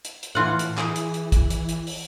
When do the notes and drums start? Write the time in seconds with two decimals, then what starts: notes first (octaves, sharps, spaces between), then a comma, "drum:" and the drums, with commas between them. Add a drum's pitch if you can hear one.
0.05 drum: hi-hat
0.23 drum: hi-hat
0.35 A2 E3 F4 F#5
0.59 drum: hi-hat
0.78 E3 G#4, drum: clap
0.96 drum: hi-hat
1.14 drum: hi-hat
1.32 drum: kick, hi-hat
1.50 drum: hi-hat
1.69 drum: hi-hat
1.87 drum: open hi-hat